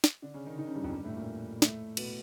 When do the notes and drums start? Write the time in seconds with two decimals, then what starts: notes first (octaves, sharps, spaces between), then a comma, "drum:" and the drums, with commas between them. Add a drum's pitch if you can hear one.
0.04 drum: snare
0.22 D3 D4
0.34 C#3 C#4
0.46 D#3 D#4
0.58 D#3 D#4
0.67 C#3 C#4
0.75 G2 G3
0.83 F2 F3
0.92 G2 G3
1.04 A2 A3
1.16 A#2 A#3
1.62 A2 A3, drum: snare
1.97 B2 B3, drum: cymbal